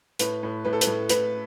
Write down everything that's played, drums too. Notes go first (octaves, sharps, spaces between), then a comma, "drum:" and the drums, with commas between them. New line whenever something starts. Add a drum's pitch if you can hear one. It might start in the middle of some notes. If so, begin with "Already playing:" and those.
A2 B4, drum: hi-hat
A2
A2 B4
A4
B4, drum: hi-hat
A2
A2 B4, drum: hi-hat